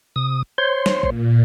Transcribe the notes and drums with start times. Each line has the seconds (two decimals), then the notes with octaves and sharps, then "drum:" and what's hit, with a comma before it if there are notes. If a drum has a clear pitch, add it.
0.16 C3 D#6
0.58 C5 C#5 C6
0.86 drum: snare
1.03 A#2, drum: kick